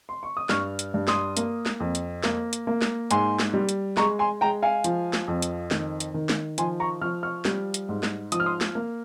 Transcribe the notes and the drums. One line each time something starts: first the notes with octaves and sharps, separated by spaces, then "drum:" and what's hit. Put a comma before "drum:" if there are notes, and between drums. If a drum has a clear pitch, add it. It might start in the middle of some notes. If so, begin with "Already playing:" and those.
C6
C#6
D#6
G2 C#6 F6, drum: snare
drum: hi-hat
G2
C6 D#6, drum: snare
A#3, drum: hi-hat
drum: snare
F2
drum: hi-hat
A#3, drum: snare
drum: hi-hat
A#3
drum: snare
G#2 G#5 C6, drum: hi-hat
drum: snare
G3
drum: hi-hat
G#3 A#5 C#6, drum: snare
G#5 C6
G#3 G5 A#5
F5 G#5
F3, drum: hi-hat
drum: snare
F2
drum: hi-hat
D#3, drum: snare
drum: hi-hat
D#3
drum: snare
F3 G#5 C6, drum: hi-hat
A#5 C#6
F3 C#6 F6
C#6 F6
G3, drum: snare
drum: hi-hat
G#2
drum: snare
F3 D#6, drum: hi-hat
F6
C6 D#6
drum: snare
A#3